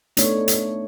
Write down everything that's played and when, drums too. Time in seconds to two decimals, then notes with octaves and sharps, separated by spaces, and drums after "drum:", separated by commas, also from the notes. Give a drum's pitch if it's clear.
0.17 A3 B3 D4 D#4 C#5, drum: hi-hat
0.48 drum: hi-hat